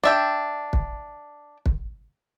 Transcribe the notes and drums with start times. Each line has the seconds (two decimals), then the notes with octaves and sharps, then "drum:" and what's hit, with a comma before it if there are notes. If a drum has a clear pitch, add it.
0.03 D4 E5 G5
0.73 drum: kick
1.66 drum: kick